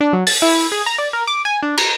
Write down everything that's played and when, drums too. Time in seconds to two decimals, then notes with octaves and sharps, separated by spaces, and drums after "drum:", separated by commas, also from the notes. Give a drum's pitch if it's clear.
0.01 D4
0.13 F#3
0.27 A6, drum: open hi-hat
0.42 E4
0.72 G#4
0.86 A#5
0.98 D5
1.13 A#4
1.27 D6
1.45 G#5
1.63 D4
1.78 A#5, drum: cymbal